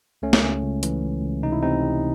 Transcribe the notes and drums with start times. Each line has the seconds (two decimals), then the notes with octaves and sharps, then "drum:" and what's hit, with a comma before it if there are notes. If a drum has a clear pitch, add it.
0.22 C#2 A3 C#4
0.33 drum: snare
0.43 C#2
0.63 C#2
0.83 E3, drum: hi-hat
1.03 C#2
1.22 C#2
1.42 C3 D#4
1.52 E4
1.62 C3 C4 D#4
1.82 C3